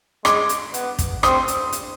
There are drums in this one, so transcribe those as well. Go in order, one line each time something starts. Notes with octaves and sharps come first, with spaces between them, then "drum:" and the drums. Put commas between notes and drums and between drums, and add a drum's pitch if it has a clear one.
G#3 D6, drum: rim click
drum: hi-hat
B3, drum: hi-hat
drum: kick, hi-hat
C4 D#6, drum: rim click
drum: hi-hat
drum: hi-hat